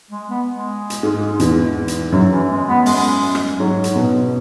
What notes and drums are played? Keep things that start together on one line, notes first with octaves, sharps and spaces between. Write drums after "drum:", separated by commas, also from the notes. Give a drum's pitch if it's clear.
G#3
B3
G#3
drum: hi-hat
G#2
E2, drum: hi-hat
drum: hi-hat
F#2 F#3
E3
G#3
B3
G#3, drum: open hi-hat
drum: rim click
G#2 F#3
drum: hi-hat
B2